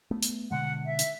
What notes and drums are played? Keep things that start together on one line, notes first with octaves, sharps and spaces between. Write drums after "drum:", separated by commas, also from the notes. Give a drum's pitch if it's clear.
A3 B3
drum: hi-hat
B2 D3 G#3 F#5
E5
drum: hi-hat